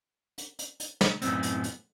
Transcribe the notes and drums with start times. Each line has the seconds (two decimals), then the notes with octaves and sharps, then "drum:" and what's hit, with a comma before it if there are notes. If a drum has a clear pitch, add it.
0.38 drum: hi-hat
0.59 drum: hi-hat
0.80 drum: hi-hat
1.01 drum: snare
1.22 F#2 A2 B3 C4, drum: hi-hat
1.43 drum: hi-hat
1.64 drum: hi-hat